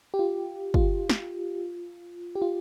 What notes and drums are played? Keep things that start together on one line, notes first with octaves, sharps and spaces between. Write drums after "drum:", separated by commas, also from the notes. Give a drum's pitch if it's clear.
G4
F4
F4, drum: kick
drum: snare
G4
F4